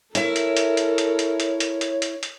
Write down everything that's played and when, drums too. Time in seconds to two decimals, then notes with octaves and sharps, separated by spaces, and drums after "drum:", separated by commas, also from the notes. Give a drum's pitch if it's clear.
0.15 E4 A4 A#4 C#5 E5, drum: hi-hat
0.36 drum: hi-hat
0.57 drum: hi-hat
0.77 drum: hi-hat
0.98 drum: hi-hat
1.19 drum: hi-hat
1.40 drum: hi-hat
1.60 drum: hi-hat
1.81 drum: hi-hat
2.02 drum: hi-hat
2.23 drum: hi-hat